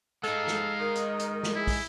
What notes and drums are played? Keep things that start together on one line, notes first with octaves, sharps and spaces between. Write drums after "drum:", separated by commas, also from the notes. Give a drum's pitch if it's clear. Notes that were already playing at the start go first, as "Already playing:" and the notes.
G#3 D#4 A4 F5, drum: hi-hat
drum: snare
D#3 A#4 D#5
drum: hi-hat
drum: hi-hat
drum: snare
E4 G#4
drum: kick, open hi-hat